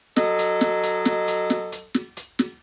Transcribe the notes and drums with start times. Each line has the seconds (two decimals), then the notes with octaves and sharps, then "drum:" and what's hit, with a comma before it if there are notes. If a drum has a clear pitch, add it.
0.16 F#3 A4 D#5, drum: snare
0.39 drum: hi-hat
0.61 drum: snare
0.83 drum: hi-hat
1.05 drum: snare
1.28 drum: hi-hat
1.50 drum: snare
1.72 drum: hi-hat
1.94 drum: snare
2.17 drum: hi-hat
2.39 drum: snare